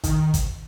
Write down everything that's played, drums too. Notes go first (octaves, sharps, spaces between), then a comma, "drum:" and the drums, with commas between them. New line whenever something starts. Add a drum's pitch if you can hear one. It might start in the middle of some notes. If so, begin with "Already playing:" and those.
D#3, drum: kick G#1, hi-hat
drum: kick G#1, hi-hat